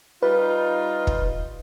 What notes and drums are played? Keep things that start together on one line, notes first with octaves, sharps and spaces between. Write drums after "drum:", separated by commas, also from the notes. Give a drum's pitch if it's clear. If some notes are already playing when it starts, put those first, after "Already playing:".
G3 D#4 F4 B4
drum: kick